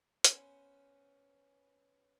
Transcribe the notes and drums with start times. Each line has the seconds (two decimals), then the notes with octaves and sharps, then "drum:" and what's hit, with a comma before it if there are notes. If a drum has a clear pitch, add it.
0.24 B3 C#4 C5 G#5, drum: hi-hat